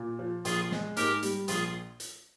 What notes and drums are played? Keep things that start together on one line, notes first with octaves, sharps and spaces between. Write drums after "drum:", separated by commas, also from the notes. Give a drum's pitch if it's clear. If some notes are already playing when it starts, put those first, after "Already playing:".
Already playing: A#2
F3
A#1 F4 G#4, drum: hi-hat
G#3, drum: snare
G#2 G4 A#4, drum: hi-hat
G3, drum: hi-hat
A#1 F4 G#4, drum: hi-hat
drum: hi-hat